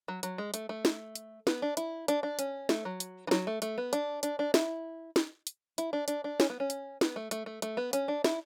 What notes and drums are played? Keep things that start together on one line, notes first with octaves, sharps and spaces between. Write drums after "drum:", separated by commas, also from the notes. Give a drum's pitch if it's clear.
F#3
F#3, drum: hi-hat
G#3
A3, drum: hi-hat
A3
drum: snare
drum: hi-hat
B3, drum: snare
D4
E4, drum: hi-hat
D4, drum: hi-hat
D4
C#4, drum: hi-hat
A3, drum: snare
F#3
drum: hi-hat
E3
F#3, drum: snare
A3
A3, drum: hi-hat
B3
D4, drum: hi-hat
D4, drum: hi-hat
D4
E4, drum: snare
drum: snare
drum: hi-hat
E4, drum: hi-hat
D4
D4, drum: hi-hat
D4
C#4, drum: snare
B3
C#4
drum: hi-hat
B3, drum: snare
A3
A3, drum: hi-hat
A3
A3, drum: hi-hat
B3
C#4, drum: hi-hat
D4
E4, drum: snare